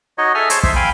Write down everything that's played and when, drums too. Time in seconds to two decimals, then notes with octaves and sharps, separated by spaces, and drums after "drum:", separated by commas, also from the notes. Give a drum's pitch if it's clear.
0.18 D#4 F#4 C#5 D#5
0.35 G#4 A4 E5 D#6 F6
0.50 C5 C#5 A5, drum: hi-hat
0.63 C5 E5, drum: kick
0.76 F5 G5 G#5 B5